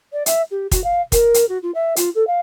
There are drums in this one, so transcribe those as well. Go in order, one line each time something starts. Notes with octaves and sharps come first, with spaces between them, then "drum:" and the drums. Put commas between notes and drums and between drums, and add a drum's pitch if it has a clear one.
D5
E5, drum: hi-hat
G4
F#4, drum: kick, hi-hat
F5
A#4, drum: kick, hi-hat
drum: hi-hat
F#4
F4
E5
F4, drum: hi-hat
A4
F5